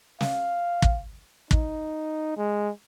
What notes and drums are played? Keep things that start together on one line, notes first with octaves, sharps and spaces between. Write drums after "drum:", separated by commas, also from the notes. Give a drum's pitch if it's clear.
F5, drum: snare
drum: kick
D#4, drum: kick
G#3